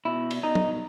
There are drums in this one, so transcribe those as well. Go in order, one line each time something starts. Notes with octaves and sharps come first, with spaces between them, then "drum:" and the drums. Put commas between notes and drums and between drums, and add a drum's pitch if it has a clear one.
B2 E4
drum: cymbal
B2 D#4
drum: tom F#3